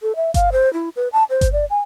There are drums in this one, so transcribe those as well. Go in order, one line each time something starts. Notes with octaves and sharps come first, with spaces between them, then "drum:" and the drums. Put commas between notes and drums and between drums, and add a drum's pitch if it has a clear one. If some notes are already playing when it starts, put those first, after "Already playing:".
A4
E5
F5, drum: kick G1, hi-hat
C5
E4
B4
A5
C5
drum: kick G1, hi-hat
D5
G#5